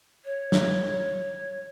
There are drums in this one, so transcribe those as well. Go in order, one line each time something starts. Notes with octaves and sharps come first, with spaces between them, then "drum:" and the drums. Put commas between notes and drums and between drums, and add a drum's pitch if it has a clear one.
C#5
drum: snare